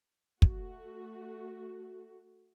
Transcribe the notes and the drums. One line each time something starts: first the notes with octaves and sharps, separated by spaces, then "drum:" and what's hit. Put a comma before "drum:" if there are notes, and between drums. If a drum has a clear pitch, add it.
A3 F#4, drum: kick